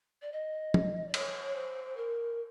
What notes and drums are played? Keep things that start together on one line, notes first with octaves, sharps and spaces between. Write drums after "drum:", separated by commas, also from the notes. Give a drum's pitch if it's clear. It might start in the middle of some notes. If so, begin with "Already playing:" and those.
D5
D#5
drum: tom
D5
C#5, drum: cymbal
C5
A#4